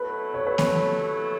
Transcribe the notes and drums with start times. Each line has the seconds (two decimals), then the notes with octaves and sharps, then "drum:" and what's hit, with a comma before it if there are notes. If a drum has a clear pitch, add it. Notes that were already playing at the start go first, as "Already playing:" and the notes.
Already playing: B2 F#3 A3 E4 A4 B4
0.34 C#5
0.47 B4
0.58 C#5, drum: snare A#3